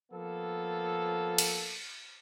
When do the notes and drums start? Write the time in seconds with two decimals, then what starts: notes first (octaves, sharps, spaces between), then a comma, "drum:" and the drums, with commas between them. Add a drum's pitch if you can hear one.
0.12 F3 A#3 B3 A4
1.38 drum: cymbal